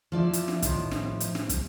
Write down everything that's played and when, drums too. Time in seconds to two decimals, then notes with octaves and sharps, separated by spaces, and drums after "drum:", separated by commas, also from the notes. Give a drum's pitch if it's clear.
0.12 F3 E4 D5
0.33 drum: hi-hat
0.48 drum: snare
0.62 A2 D#3 F3, drum: kick, hi-hat
0.91 drum: snare
1.20 drum: hi-hat
1.35 drum: snare
1.49 drum: kick, hi-hat